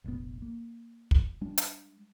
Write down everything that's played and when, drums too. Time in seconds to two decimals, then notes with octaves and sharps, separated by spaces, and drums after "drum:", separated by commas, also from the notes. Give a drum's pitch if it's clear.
0.04 F1 A#1 B2 B3
0.42 A#3
1.11 drum: kick
1.41 G3 G#3 D4
1.58 drum: hi-hat